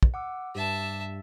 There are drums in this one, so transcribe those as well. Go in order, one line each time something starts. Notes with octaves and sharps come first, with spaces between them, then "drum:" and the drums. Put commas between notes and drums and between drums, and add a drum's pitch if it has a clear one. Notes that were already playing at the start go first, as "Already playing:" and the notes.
drum: kick
F#5 D6 E6
G2 G4 E5 A5